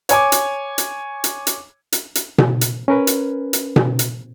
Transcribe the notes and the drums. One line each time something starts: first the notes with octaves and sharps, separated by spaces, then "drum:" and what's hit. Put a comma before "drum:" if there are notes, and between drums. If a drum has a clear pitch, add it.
C#5 G#5 D6, drum: hi-hat
drum: hi-hat
drum: hi-hat
drum: hi-hat
drum: hi-hat
drum: hi-hat
drum: hi-hat
drum: tom B2
drum: hi-hat
C#4 A#4 B4
drum: hi-hat
drum: hi-hat
drum: tom B2
drum: hi-hat